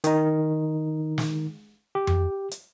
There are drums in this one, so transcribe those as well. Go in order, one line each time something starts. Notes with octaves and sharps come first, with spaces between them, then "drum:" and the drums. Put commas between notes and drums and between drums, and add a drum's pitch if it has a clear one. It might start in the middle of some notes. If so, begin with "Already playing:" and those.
D#3 D#4, drum: hi-hat
drum: snare
G4
drum: tom F2
drum: hi-hat